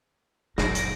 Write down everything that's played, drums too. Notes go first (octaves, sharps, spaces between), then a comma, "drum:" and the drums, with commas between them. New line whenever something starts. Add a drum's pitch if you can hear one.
F#1 A#2 F#3 A#6 D7, drum: snare
drum: hi-hat